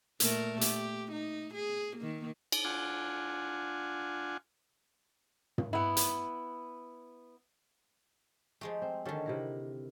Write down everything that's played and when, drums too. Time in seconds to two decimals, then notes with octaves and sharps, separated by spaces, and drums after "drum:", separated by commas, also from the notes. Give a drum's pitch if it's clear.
0.20 A#2 A3 A#4, drum: hi-hat
0.61 G4, drum: hi-hat
1.12 D#4
1.54 G#4
1.97 D#3 A#3
2.52 drum: cymbal
2.65 D4 F4 F#5 G#5
5.58 drum: tom
5.73 B3 E4
5.97 drum: hi-hat
8.61 F3 G#3 A3 G4
8.82 C4
9.05 D3 D#3 C#4 G4 A4
9.26 C3 E4 A#4